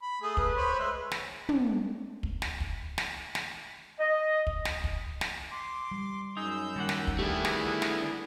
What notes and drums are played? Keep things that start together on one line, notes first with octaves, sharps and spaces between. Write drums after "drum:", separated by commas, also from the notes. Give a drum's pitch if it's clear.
B5
A3 G#4 D#6
B4, drum: kick
C5 C#5 B5
G#3 E5 C6
drum: snare
drum: tom
drum: kick
drum: snare
drum: kick
drum: snare
drum: snare
D#5
drum: kick
drum: snare
drum: kick
drum: snare
C6 D6
G3
F#2 D#4 G#4 E6 G6
D#3 G3 A#3 F#5
drum: snare
drum: kick
A3 B3 D4 E4 G4 G#4
drum: snare
drum: snare